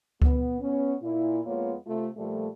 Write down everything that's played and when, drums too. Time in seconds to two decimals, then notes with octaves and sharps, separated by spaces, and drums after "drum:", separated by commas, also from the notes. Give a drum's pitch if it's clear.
0.22 B3, drum: kick C#2
0.60 B3 C#4
1.02 A#2 E4
1.45 F2 G#3 A#3 B3 F4 C#5
1.87 C3 A3 F4
2.17 A#2 F3 G3 A3